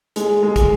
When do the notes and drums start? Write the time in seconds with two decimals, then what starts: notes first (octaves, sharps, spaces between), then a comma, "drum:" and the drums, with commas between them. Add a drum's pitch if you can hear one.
0.16 G#3, drum: hi-hat
0.43 G#3
0.56 drum: kick, hi-hat